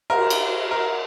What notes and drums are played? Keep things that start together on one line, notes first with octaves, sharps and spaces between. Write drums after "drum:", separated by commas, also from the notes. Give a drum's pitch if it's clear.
A#4, drum: cymbal
drum: cymbal
A#4